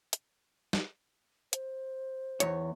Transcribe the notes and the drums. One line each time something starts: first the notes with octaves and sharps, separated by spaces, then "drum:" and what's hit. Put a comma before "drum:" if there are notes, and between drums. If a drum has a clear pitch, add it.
drum: hi-hat
drum: snare
C5, drum: hi-hat
E2 C#5, drum: hi-hat